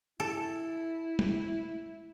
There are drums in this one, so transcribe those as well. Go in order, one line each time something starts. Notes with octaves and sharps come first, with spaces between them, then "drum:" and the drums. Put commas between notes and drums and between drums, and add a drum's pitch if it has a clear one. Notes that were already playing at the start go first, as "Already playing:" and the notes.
E4 A4
drum: tom